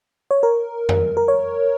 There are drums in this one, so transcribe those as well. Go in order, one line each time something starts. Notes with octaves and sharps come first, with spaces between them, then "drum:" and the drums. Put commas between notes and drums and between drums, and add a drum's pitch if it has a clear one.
C#5
A#4
drum: tom F2
A#4
C#5